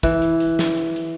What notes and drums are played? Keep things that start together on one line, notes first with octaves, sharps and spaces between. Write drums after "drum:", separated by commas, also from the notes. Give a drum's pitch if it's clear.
E3, drum: kick, hi-hat
drum: hi-hat
drum: hi-hat
drum: snare
drum: hi-hat
drum: hi-hat